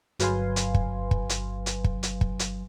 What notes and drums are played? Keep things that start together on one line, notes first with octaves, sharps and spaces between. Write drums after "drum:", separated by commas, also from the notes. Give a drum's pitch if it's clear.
G1 F#3 B4 F5 G#5 C6, drum: hi-hat
drum: hi-hat
drum: kick
drum: kick
drum: hi-hat
drum: hi-hat
drum: kick
drum: hi-hat
drum: kick
drum: hi-hat